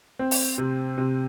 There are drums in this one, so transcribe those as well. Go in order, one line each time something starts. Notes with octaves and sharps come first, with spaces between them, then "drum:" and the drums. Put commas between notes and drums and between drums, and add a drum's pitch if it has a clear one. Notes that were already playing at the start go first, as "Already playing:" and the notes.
C4
drum: open hi-hat
C3
C3